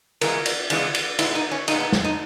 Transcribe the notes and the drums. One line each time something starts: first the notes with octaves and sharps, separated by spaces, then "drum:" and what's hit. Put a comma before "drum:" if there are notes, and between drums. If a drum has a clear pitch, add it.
C#3 E3 G#3 B3 A#4, drum: cymbal
drum: cymbal
C#3 E3 G#3 B3, drum: cymbal
drum: cymbal
A#2 G#3 B3 E4, drum: cymbal
D#4
C#4
A#2 G#3 B3 D#4, drum: cymbal
D#4
drum: snare
D#4